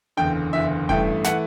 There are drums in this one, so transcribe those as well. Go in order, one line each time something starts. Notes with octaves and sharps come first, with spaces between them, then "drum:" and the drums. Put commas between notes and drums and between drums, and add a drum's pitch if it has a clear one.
F#1 E2 D3 G5
F#1 E2 D3 E5
A1 G2 E3 A3 G5, drum: kick E1
E3 A3 F#5, drum: snare